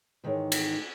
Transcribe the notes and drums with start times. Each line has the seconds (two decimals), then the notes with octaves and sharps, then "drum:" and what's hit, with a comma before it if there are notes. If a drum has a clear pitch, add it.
0.24 G#2 D#3 E3 G#3 C#5
0.52 drum: cymbal